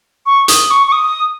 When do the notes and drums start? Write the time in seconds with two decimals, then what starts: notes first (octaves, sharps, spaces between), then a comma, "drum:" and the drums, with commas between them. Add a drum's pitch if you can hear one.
0.26 C#6
0.48 D#6, drum: hi-hat
0.71 C#6
0.87 C#6
0.92 D#6